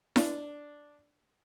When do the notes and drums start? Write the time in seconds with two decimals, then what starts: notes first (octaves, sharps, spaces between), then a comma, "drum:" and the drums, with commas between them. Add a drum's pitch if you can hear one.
0.16 D4, drum: snare E4